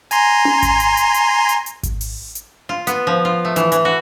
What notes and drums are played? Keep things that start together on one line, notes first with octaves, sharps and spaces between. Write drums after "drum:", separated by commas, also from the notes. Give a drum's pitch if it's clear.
G#5 A#5 C6, drum: hi-hat
drum: tom C#4
drum: kick G#1, hi-hat
drum: hi-hat
drum: hi-hat
drum: hi-hat
drum: hi-hat
drum: hi-hat
drum: kick G#1, hi-hat
drum: open hi-hat
drum: hi-hat
F4
B3, drum: hi-hat
F3
F4
A3
E3, drum: hi-hat
E3, drum: hi-hat
F#4